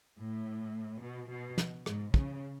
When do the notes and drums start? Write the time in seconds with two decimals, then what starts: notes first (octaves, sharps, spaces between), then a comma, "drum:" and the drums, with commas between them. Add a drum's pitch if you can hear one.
0.18 A2
1.02 B2
1.30 B2
1.58 drum: snare
1.86 G#2, drum: rim click
2.14 C#3, drum: kick